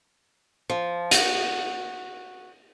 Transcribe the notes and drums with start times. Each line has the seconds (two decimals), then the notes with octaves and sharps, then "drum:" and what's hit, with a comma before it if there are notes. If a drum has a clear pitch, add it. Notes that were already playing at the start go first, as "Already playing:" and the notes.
0.70 F3
1.11 F#4, drum: hi-hat